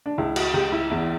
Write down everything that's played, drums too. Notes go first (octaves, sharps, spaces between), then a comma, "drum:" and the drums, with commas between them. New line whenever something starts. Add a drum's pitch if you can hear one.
D4
C#2 E4
F#4, drum: cymbal
C#2 G4
E4
E2 E4